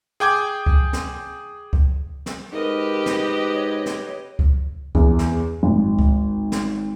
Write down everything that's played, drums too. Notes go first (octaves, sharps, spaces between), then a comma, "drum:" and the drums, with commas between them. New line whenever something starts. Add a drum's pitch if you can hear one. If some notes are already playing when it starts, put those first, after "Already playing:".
G#4 G5 D6 G#6
drum: kick C#2
drum: snare
drum: kick C#2
drum: snare
G#2 G4 A#4 B4 D#5
drum: snare
C#5
drum: snare
drum: kick C#2
E2, drum: kick C#2
drum: snare
G#1
drum: kick C#2
drum: snare